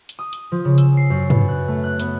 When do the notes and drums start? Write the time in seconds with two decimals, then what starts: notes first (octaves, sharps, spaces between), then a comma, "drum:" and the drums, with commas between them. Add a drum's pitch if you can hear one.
0.09 drum: hi-hat
0.19 D#6
0.33 drum: hi-hat
0.52 F3
0.65 C#3
0.78 E6, drum: hi-hat
0.97 C7
1.10 F#2
1.30 B3, drum: tom
1.49 F#6
1.68 A3
1.84 F#6
2.00 B3, drum: hi-hat